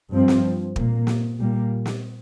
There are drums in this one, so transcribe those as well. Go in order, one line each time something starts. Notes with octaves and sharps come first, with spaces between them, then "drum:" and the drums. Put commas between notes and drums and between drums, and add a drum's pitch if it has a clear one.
G2 F3 C4
drum: snare
A#2 A#3, drum: kick
drum: snare
A#2 G3 A#3
drum: snare